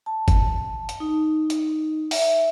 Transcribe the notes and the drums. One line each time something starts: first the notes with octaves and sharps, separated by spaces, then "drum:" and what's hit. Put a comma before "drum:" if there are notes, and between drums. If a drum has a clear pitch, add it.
A5
drum: kick G1, hi-hat
drum: hi-hat
D#4
drum: hi-hat
E5, drum: open hi-hat